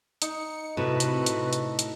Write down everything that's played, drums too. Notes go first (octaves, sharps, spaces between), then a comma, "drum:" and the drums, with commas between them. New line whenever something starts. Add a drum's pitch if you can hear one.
D#4 C#7, drum: hi-hat
A2 C3 F#4 B4
drum: hi-hat
drum: hi-hat
drum: hi-hat
drum: hi-hat